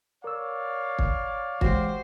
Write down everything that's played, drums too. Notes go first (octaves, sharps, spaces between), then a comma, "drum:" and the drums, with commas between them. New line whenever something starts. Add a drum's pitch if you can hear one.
A#4 C#5 D5 F5 E6
drum: kick
E3 G#3 F#4 G4 C5, drum: kick